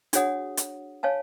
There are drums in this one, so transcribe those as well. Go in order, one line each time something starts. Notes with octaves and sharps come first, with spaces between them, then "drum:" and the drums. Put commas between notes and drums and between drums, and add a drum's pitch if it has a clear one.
D4 F#4 G#4 C#5 F#5 D#6, drum: hi-hat
drum: hi-hat
C#5 F5 G#5 A5